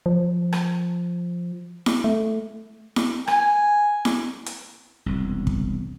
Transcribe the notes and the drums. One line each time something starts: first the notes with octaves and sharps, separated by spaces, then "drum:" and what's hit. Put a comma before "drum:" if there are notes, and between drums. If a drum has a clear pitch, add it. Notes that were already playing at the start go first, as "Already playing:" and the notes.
F3
drum: rim click
drum: snare E4
A3
drum: snare E4
G#5, drum: rim click
drum: snare E4
drum: hi-hat
E1 C2
drum: kick